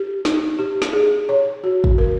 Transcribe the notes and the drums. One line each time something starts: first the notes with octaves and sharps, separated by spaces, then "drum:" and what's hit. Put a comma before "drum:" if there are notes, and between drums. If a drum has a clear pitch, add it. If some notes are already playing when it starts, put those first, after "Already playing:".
Already playing: G4
D#4, drum: snare
G4
drum: snare
G#4
C#5
F#4
drum: kick
A#4